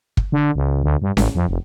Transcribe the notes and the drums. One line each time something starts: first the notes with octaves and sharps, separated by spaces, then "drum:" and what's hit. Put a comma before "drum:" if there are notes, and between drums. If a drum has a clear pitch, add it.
drum: kick
D3
C#2
D2
G2
A1, drum: snare C#4
F2
F1